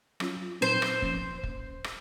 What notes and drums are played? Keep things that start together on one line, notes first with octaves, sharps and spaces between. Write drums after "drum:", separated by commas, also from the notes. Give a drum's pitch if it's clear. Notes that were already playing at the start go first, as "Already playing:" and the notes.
F#3 C#4 F4, drum: rim click
A#2 F#3 C4 D#4 C5
drum: rim click
F3 A#3 C#4, drum: kick
drum: kick
drum: rim click